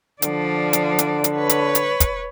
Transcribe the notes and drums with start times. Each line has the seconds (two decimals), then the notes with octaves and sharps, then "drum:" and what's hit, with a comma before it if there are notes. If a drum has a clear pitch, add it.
0.22 D3 F3 D5, drum: hi-hat
0.73 drum: hi-hat
0.99 drum: hi-hat
1.24 drum: hi-hat
1.35 B4 C#5
1.49 drum: hi-hat
1.75 drum: hi-hat
2.00 drum: kick, hi-hat